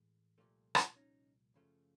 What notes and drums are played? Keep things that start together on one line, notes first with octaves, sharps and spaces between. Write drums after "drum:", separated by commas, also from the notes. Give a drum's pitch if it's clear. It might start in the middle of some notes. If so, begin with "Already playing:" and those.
Already playing: A2 E3 G#3
C2 A#2 F3 A3
drum: rim click
C#4 D#4
F#2 C#3 F3 A3